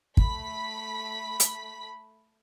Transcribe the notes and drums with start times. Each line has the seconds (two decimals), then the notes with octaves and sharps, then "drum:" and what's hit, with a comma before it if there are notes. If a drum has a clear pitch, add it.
0.17 A3 B5 B6, drum: kick
1.40 drum: hi-hat